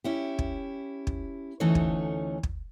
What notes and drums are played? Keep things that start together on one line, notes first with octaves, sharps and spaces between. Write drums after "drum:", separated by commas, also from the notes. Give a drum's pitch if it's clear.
C#4 E4 G4
drum: kick
drum: kick
D2 E3 A3 C#4 D#4 C#5
drum: kick
drum: kick